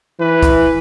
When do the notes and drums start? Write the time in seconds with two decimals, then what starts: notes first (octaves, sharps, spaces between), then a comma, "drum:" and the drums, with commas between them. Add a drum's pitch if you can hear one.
0.20 E3 B4
0.42 drum: kick, hi-hat